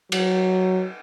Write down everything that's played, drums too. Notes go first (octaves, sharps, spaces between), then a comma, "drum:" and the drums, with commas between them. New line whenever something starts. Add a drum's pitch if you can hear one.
F#3, drum: cymbal